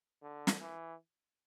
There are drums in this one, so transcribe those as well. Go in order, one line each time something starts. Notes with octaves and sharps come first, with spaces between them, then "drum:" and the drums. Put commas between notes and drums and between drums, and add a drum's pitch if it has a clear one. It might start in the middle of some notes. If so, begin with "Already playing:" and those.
D3
drum: snare
E3